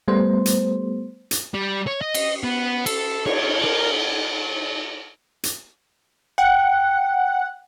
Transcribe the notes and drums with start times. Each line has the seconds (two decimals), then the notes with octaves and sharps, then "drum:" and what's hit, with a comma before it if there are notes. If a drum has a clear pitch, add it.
0.08 G3 A3 B3 C5
0.46 drum: hi-hat
1.31 drum: hi-hat
1.54 G3
1.87 C#5
2.01 D#5
2.14 drum: cymbal
2.44 B3
2.86 A4, drum: cymbal
3.26 C#5, drum: cymbal
3.65 A#4
5.43 drum: hi-hat
6.38 F#5 G5